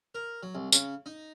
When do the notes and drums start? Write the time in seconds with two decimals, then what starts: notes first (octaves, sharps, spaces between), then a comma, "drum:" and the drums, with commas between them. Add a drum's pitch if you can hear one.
0.15 A#4
0.43 F#3
0.55 C2
0.72 C#3, drum: tambourine
1.06 D#4